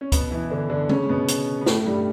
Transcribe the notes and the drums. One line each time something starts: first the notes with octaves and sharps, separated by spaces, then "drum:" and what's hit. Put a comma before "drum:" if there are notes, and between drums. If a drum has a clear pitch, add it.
C#4
B2 B3, drum: kick, hi-hat
E3 E4
D3 D4
D3 D4
C#3 C#4, drum: tom
B2 B3
drum: hi-hat
B3
A2 A3, drum: snare
A3
G2 G3